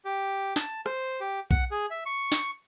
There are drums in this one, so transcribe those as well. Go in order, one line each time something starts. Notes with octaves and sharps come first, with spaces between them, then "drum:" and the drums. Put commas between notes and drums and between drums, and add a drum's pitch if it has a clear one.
G4
A5, drum: snare
C5, drum: rim click
G4
F#5, drum: kick B1
G#4
E5
C#6
drum: snare